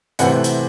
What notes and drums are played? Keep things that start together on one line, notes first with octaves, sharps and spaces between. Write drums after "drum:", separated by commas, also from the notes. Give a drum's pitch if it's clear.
C3 E3 A3 C4 F#5, drum: hi-hat
drum: hi-hat